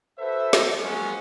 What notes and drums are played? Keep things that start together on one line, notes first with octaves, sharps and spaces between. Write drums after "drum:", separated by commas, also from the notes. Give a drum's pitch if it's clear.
F#4 A4 B4 C5 E5
drum: snare
F3 F#3 G#3 A#3 B3 C#4